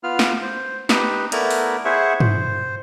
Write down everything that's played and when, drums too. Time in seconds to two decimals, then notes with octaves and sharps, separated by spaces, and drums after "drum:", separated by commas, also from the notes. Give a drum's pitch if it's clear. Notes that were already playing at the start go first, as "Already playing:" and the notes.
0.03 B3 F4 F6
0.19 drum: snare
0.42 C5
0.89 D#4 G4 B4, drum: snare
1.32 A3 B3 E4 A#4 D5, drum: cymbal
1.50 drum: open hi-hat
1.85 E4 G#4 C5 E5 F#5 C#6
2.20 C5, drum: tom